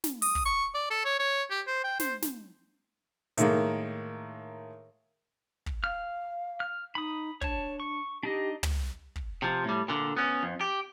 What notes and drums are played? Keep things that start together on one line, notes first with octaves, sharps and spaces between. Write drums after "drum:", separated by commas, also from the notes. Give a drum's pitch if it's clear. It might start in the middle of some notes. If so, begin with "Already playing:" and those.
drum: snare
D#6, drum: open hi-hat
drum: kick
C#6
D5
A4
C#5
C#5
G4
C5
G5
C5, drum: snare
drum: snare
A2 D#3 G#3 A#3, drum: hi-hat
drum: kick
F5 F6
F6
D#4 B5 D#6
D4 C#5 A5, drum: kick
C#6
D4 D#4 G4 D#5
drum: tom
drum: kick
C3 F3
A2 G3
A#2 D3
B3 C#4
F2
G4